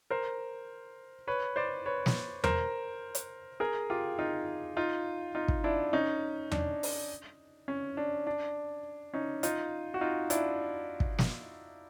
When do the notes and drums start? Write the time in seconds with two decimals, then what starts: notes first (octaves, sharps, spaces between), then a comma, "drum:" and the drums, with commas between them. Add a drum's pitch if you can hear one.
0.10 A#4 C5
1.27 B4 C#5
1.56 C5 D5
1.86 B4 C#5
2.06 drum: snare
2.44 A#4 C5, drum: tom E2
3.15 drum: hi-hat
3.60 G#4 A#4
3.90 F4 G4
4.19 D#4 F4
4.77 D#4 F4
5.35 D#4 F4
5.48 drum: kick
5.64 D4 E4
5.93 C#4 D#4
6.51 D4, drum: tom E2
6.83 drum: open hi-hat
7.68 C#4
7.97 D4
8.27 D4
9.14 C#4 D#4
9.43 D#4 F4, drum: hi-hat
9.94 F#4
10.01 D#4 F4
10.30 D4 E4, drum: hi-hat
11.00 drum: kick
11.19 drum: snare